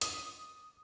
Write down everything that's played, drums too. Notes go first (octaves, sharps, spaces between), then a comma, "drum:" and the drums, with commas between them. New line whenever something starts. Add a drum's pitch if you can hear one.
D#6, drum: hi-hat